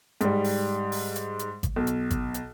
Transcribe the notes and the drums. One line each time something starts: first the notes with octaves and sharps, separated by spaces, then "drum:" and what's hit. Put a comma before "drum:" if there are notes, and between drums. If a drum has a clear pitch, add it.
G#2 G3, drum: hi-hat
drum: open hi-hat
drum: open hi-hat
drum: hi-hat
drum: hi-hat
drum: kick G#1, hi-hat
B1
drum: hi-hat
drum: kick G#1, hi-hat
drum: hi-hat